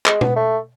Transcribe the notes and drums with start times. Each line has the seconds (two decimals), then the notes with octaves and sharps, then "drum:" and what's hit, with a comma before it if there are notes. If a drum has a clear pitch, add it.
0.06 G#3, drum: clap
0.21 B3, drum: tom B2
0.36 A3